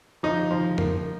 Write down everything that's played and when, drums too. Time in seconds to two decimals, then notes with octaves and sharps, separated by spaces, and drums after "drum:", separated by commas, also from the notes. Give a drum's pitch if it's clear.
0.23 F3 D#4
0.51 F3
0.78 A#3, drum: tom F2